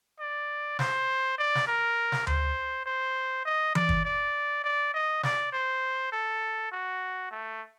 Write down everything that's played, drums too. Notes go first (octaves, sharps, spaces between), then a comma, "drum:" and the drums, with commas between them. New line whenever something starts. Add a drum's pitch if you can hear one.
D5
C5, drum: snare
D5
drum: snare
A#4
drum: snare
C5, drum: tom D2
C5
D#5
D5, drum: tom E3
drum: kick
D5
D5
D#5
D5, drum: snare
C5
A4
F#4
A3